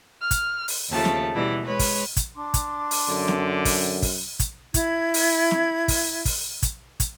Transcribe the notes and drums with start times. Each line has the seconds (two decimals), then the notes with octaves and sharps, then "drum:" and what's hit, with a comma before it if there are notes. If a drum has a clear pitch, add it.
0.22 F6
0.31 drum: kick, hi-hat
0.68 drum: open hi-hat
0.91 D#2 C#3 F3 A3 A5
1.05 drum: snare
1.34 B2 E3 G3 E4
1.65 G#3 B4 C#5
1.79 drum: kick, open hi-hat
2.17 drum: kick, hi-hat
2.35 D4 C6 D6
2.54 drum: kick, hi-hat
2.91 drum: open hi-hat
3.09 F#2 D3
3.28 drum: snare
3.65 drum: kick, open hi-hat
4.02 drum: kick, open hi-hat
4.40 drum: kick, hi-hat
4.74 E4 G#6, drum: kick, hi-hat
5.14 drum: open hi-hat
5.51 drum: snare
5.88 drum: kick, open hi-hat
6.25 drum: kick, open hi-hat
6.63 drum: kick, hi-hat
7.00 drum: kick, hi-hat